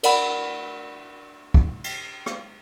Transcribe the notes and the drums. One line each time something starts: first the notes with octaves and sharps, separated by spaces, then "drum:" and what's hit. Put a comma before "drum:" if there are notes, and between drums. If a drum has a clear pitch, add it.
A#4 D5 F#5 B5, drum: cymbal
drum: kick
drum: cymbal
drum: rim click